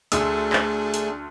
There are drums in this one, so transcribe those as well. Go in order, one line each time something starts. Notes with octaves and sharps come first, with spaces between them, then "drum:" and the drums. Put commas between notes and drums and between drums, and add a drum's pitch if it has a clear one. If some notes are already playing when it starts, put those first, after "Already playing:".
D2 A3 D4 G#4 E6, drum: hi-hat
drum: clap
drum: hi-hat